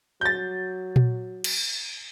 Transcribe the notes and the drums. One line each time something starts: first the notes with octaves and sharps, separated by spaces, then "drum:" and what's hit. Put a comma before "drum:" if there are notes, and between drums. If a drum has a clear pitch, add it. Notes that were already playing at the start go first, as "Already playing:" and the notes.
F#3 G6 A6
drum: tom A#2
drum: cymbal